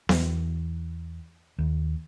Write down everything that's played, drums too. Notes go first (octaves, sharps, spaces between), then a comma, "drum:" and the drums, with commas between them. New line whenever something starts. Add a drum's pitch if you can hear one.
E2, drum: snare B3
D#2